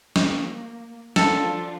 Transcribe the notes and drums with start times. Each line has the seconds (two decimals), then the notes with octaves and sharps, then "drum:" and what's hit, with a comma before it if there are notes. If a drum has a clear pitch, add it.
0.16 A#3, drum: snare
1.16 F3 D4 F4 A4, drum: snare